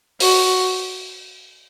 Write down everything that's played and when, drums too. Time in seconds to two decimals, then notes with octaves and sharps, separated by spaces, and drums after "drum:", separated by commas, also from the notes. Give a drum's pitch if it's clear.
0.20 F#4, drum: open hi-hat